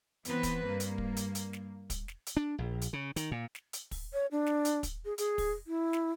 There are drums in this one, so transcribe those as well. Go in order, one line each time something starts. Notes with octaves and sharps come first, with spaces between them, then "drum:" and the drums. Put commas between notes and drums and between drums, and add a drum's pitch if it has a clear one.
E3 B3 C4 B4, drum: hi-hat
drum: kick, hi-hat
G2 A#3
drum: hi-hat
drum: kick
drum: hi-hat
drum: hi-hat
drum: snare
drum: kick, hi-hat
drum: snare
drum: hi-hat
D4
A#1
drum: hi-hat
C#3
D#3, drum: hi-hat
A#2
drum: snare
drum: hi-hat
drum: kick, open hi-hat
C#5
D4
drum: snare
drum: hi-hat
drum: kick, hi-hat
G#4
G#4, drum: hi-hat
drum: kick, open hi-hat
E4
drum: snare